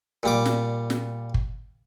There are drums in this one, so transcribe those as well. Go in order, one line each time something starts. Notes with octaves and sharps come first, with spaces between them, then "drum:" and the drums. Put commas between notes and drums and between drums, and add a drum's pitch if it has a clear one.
A#2 G3 D6
drum: snare
drum: snare
drum: kick